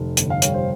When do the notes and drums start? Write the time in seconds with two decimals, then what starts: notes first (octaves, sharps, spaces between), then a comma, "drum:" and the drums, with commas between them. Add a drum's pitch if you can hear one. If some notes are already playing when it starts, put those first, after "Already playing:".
Already playing: F1
0.17 G1, drum: hi-hat
0.30 F5
0.42 G3 C#5, drum: hi-hat
0.54 C5